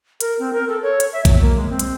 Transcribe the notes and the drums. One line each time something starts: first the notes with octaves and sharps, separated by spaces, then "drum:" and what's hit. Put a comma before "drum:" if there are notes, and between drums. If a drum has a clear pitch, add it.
A#4, drum: hi-hat
C4
A#4
A4
C#5
drum: hi-hat
E5
F#3, drum: kick A#1, hi-hat
A#3
G#3
C4
drum: hi-hat